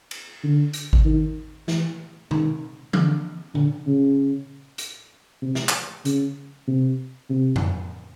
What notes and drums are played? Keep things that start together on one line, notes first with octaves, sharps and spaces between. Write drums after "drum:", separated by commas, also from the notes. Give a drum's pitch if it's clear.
drum: cymbal
D3
drum: hi-hat
drum: kick G#1
D#3
E3, drum: snare
D#3, drum: tom B2
D3, drum: tom E3
D3, drum: tom A#2
C#3
drum: hi-hat
C3
drum: snare
drum: clap
C#3, drum: hi-hat
C3
C3
drum: tom F2